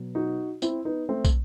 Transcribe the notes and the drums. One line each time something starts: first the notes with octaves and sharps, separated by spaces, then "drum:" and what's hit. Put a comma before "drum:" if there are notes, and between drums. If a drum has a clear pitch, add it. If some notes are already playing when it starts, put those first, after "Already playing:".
Already playing: B2 F#3
D#4 F#4
C4 E4, drum: tambourine
B3 D#4
A3 C4
drum: kick, tambourine